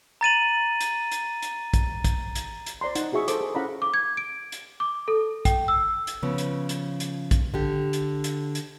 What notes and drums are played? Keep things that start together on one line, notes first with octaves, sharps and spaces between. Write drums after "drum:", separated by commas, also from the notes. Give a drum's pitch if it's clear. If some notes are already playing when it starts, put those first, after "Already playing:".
A#5 A6 D#7 F#7
drum: hi-hat
drum: hi-hat
drum: hi-hat
drum: kick, hi-hat
drum: kick, hi-hat
drum: hi-hat
drum: hi-hat
C5 D5 A#5 C6
D#4 F#5, drum: hi-hat
E4 F#4 G#4 E5 C#6
A4 C5 D6, drum: hi-hat
G#4 A#4
C#4 E4 F5 F#5 A#5 B5
D6
G#6
D7
drum: hi-hat
D6
A4
G5, drum: kick, hi-hat
E6
drum: hi-hat
C#3 F3 B3
drum: hi-hat
drum: hi-hat
drum: hi-hat
drum: kick, hi-hat
D3 G4
drum: hi-hat
drum: hi-hat
drum: hi-hat